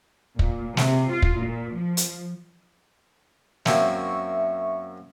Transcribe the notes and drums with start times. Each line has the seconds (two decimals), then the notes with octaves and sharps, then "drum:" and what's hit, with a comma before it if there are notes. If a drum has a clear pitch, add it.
0.39 A#2, drum: kick
0.77 C3, drum: snare
1.12 F4
1.22 drum: kick
1.44 A#2
1.77 F3
1.97 drum: hi-hat
3.66 F#2 A#3 C4 E5 C#6, drum: snare